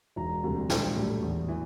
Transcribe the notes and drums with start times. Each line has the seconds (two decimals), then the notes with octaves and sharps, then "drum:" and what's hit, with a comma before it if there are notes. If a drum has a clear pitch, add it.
0.16 E1 A#5
0.43 D2 C3 G3
0.70 A#1, drum: snare
0.96 A2 G3
1.22 E2
1.48 E3